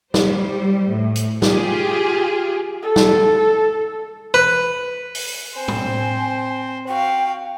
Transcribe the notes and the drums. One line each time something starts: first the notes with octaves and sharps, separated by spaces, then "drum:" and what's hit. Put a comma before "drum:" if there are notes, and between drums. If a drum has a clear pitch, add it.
G3 C5, drum: snare
A2
drum: hi-hat
F4 G4 G#4, drum: snare
A4
drum: snare
B4
drum: open hi-hat
C4 C5 G#5
drum: tom A2
F#4 F5 G5